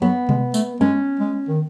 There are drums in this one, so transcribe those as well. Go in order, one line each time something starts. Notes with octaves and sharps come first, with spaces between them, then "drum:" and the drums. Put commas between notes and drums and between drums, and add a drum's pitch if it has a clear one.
F#3 B3
G#3, drum: tom B2
A3, drum: tambourine
G#3 C#4
G#3
D#3